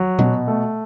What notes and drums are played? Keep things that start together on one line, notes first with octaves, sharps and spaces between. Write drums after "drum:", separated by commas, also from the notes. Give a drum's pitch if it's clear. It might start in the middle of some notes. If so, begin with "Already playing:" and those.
Already playing: F#3
B2, drum: tom A#2
A3